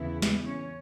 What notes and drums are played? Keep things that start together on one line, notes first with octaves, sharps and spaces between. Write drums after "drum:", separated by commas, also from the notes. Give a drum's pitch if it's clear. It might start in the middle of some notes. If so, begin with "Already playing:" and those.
Already playing: E2 C#3 E3 B3 E4
drum: snare
C#4 C#5